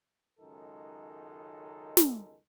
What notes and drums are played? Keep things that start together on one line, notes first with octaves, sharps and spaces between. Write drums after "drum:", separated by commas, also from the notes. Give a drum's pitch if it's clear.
C#2 F#2 D#3 G#3 D#4 A4
drum: snare